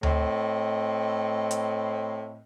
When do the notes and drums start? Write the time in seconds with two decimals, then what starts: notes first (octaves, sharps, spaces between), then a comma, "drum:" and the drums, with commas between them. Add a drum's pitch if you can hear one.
0.03 A2 C4 D#5, drum: tom D2
1.51 drum: hi-hat